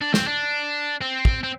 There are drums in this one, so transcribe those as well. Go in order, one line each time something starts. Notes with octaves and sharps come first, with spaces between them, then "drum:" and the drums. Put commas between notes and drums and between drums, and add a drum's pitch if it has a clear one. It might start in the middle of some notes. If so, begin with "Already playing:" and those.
D4
C4, drum: snare
D4
C4
drum: kick
C4